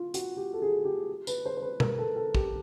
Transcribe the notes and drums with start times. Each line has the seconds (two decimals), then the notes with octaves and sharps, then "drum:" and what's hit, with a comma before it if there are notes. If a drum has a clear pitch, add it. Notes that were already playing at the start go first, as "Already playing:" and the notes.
Already playing: F4
0.14 F#4, drum: hi-hat
0.37 G4
0.53 A4
0.62 G#4
0.85 G4
1.27 B4, drum: tambourine
1.45 C5
1.57 C5
1.62 B4
1.80 A#4, drum: tom
1.98 A4
2.16 A4
2.35 G4, drum: kick